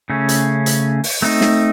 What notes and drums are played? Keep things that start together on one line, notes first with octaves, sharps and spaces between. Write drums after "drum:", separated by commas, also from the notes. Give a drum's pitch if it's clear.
C#3 A3 C#4
drum: hi-hat
drum: hi-hat
drum: open hi-hat
A3 C4 D#4
drum: snare